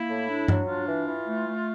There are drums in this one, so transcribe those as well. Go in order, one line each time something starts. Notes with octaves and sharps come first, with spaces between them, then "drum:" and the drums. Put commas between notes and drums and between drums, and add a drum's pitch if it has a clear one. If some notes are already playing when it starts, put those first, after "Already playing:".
Already playing: A#3 E4
A2
D4
F#3, drum: tom G2
D4 F4
E3
E3
A3
A3